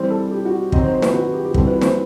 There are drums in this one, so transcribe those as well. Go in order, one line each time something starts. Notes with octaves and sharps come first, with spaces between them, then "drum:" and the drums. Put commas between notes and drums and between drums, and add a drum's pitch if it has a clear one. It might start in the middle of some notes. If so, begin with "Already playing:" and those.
Already playing: E3 G3 C4 C5
A4
G4
F#4
D#3 F#3 C4 D#5, drum: kick
C5
C5
B4, drum: snare
F#4
G4
G4
E3 G3 C4 F#4 A4, drum: kick
B4
C5, drum: snare